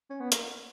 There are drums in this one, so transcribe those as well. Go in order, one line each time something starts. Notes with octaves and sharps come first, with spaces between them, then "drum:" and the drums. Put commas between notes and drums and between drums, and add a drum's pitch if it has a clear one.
C#4
B3
A#3, drum: hi-hat